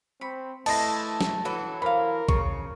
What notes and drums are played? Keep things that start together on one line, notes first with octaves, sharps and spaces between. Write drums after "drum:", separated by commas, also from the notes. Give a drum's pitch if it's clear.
C4 B5 C#6
E3 A3 E4 D#5 A5 C6 A#6, drum: cymbal
drum: snare
E3 F#3 A4 F#5 B5
A#4 C5 F5 B5
C#3 C#6, drum: kick A#1